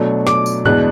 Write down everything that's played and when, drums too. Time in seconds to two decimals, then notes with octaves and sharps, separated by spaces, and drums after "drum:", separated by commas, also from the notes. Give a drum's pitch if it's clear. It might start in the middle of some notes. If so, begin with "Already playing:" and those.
Already playing: B2 F#3 A3 D4
0.27 D6, drum: snare
0.46 drum: tambourine
0.65 E2 B2 G#3 D4 F#6, drum: tom G2